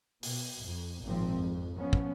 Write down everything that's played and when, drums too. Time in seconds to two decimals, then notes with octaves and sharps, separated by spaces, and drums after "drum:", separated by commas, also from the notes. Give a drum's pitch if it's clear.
0.23 B2, drum: open hi-hat
0.63 F2
1.02 G#1 A#2 F3 C4
1.38 F2
1.76 F3 B3 C#4
1.93 drum: kick